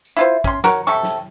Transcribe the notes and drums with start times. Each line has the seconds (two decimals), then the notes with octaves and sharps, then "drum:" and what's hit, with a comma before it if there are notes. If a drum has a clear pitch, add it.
0.05 drum: tambourine
0.17 E4 F4 C5
0.44 C#4 C6, drum: kick, tambourine
0.64 F#4 A#4 C#5, drum: snare
0.87 C3 G3 A4 C#6
1.03 drum: snare